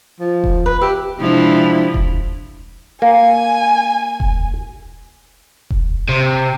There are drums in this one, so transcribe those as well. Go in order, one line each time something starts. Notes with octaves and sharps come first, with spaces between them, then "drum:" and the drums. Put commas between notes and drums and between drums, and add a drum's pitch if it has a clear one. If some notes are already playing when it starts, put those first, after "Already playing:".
F3
drum: kick E1
B4
G4 E5
C3 F3 G#3 D4 E4
drum: kick E1
A#3 G#5
drum: kick E1
drum: kick E1
C3